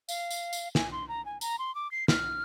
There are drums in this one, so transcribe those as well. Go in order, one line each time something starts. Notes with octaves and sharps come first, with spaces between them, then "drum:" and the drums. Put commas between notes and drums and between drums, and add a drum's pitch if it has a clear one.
F5, drum: tambourine
drum: tambourine
drum: tambourine
G#5, drum: snare
C6
A#5
G#5
A#5, drum: tambourine
C6
D6
C7
F6, drum: snare